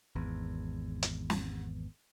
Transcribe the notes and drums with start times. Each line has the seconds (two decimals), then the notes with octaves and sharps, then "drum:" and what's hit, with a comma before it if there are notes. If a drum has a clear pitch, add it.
0.15 G#1 E2
1.03 drum: hi-hat
1.30 drum: snare